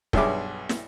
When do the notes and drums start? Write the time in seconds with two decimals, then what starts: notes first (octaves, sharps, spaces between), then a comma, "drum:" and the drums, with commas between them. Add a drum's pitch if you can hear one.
0.13 B1 G2 G#4 E5 D6, drum: kick
0.69 drum: snare